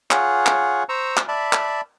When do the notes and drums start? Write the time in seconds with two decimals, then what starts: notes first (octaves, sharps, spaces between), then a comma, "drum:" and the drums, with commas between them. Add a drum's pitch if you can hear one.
0.11 F4 G#4 C#5 F#5, drum: clap
0.46 drum: clap
0.89 C5 A#5 C#6 E6
1.17 drum: clap
1.28 D5 E5 A5 B5
1.53 drum: clap